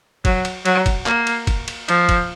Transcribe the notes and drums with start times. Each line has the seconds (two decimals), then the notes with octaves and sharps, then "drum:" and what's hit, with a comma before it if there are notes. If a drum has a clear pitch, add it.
0.25 F#3, drum: kick, cymbal
0.45 drum: cymbal
0.65 F#3, drum: cymbal
0.86 drum: kick, cymbal
1.06 A#3, drum: clap
1.27 drum: cymbal
1.47 drum: kick, cymbal
1.68 drum: cymbal
1.89 F3, drum: cymbal
2.09 drum: kick, cymbal